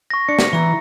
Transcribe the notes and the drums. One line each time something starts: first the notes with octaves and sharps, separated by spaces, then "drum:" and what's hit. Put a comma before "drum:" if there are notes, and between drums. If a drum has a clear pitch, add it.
C#6 A#6
D4 C#7
drum: snare
E3 E4 A#5